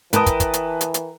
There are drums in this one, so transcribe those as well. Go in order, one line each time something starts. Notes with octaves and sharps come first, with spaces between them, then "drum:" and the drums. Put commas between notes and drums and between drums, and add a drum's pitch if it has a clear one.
E3 A#4 B4 G5 A5 D#6, drum: hi-hat
drum: kick, hi-hat
drum: kick, hi-hat
drum: hi-hat
drum: hi-hat
drum: hi-hat